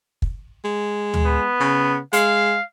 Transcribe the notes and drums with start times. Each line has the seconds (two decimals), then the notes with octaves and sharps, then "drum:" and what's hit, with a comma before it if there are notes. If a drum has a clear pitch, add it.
0.22 drum: kick
0.65 G#3
1.14 drum: tom D2
1.25 B3
1.60 C#3
2.13 G#3 F5, drum: hi-hat